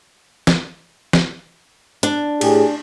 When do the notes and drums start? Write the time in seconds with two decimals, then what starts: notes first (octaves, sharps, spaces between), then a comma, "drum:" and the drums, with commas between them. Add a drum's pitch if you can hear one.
0.47 drum: snare
1.13 drum: snare
2.03 D4, drum: hi-hat
2.41 A2 G4 G#4, drum: cymbal